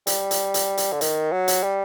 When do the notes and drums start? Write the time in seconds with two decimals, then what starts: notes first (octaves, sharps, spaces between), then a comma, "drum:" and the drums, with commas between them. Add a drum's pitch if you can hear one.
0.07 G3, drum: hi-hat
0.31 drum: hi-hat
0.54 drum: hi-hat
0.77 drum: hi-hat
0.93 D3
1.01 D#3, drum: hi-hat
1.32 F#3
1.48 drum: hi-hat
1.63 G3